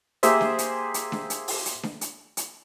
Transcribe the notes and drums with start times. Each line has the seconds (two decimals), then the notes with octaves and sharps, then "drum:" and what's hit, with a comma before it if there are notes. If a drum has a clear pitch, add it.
0.23 A#3 G4 G#4 C5 E5, drum: hi-hat
0.41 drum: snare D4
0.58 drum: hi-hat
0.94 drum: hi-hat
1.12 drum: snare D4
1.30 drum: hi-hat
1.48 drum: open hi-hat
1.66 drum: hi-hat
1.83 drum: snare D4
2.01 drum: hi-hat
2.37 drum: hi-hat